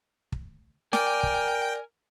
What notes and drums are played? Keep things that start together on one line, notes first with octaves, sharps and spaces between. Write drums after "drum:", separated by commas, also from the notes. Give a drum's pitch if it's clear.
drum: kick
A#4 D5 G5 G#5 D6, drum: snare
drum: kick